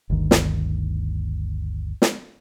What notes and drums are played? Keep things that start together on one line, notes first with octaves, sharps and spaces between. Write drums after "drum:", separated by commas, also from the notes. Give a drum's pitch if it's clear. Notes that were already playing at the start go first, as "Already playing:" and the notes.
G1 D2 D#3
drum: snare
drum: snare